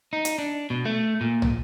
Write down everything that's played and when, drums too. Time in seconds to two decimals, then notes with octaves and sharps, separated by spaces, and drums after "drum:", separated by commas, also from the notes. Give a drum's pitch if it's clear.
0.13 D#4
0.25 drum: hi-hat
0.38 D4
0.70 B2
0.85 A3
1.21 A#2
1.42 drum: tom